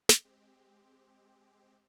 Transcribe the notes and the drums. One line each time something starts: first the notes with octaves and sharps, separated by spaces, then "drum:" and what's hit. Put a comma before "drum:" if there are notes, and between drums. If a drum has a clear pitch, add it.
drum: snare
G#3 C4 G4